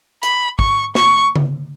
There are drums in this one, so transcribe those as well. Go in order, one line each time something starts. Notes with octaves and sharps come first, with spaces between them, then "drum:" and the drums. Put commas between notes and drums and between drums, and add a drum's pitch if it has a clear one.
B5, drum: hi-hat
C#6, drum: kick
C#6, drum: snare
drum: tom C#3